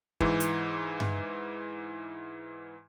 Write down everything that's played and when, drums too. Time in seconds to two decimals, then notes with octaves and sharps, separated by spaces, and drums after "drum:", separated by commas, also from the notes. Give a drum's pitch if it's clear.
0.20 G#2 E3, drum: kick
0.40 drum: hi-hat
1.00 drum: tom G2